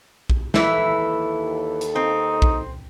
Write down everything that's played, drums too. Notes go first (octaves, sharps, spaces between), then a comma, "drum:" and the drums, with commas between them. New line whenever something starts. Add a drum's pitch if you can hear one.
drum: kick A#1
D#2 E3 E4 A4, drum: snare
drum: hi-hat
C4 D#4
drum: kick A#1